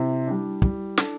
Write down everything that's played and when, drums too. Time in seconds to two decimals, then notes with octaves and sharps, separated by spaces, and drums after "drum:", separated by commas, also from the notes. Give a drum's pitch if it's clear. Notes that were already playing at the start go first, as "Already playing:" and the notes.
Already playing: C3 E4
0.27 G3 D4
0.62 G3, drum: kick
0.98 D4 A4, drum: snare